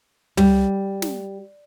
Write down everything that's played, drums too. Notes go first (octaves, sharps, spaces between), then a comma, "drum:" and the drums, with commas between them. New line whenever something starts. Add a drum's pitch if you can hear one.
G3, drum: tom
drum: snare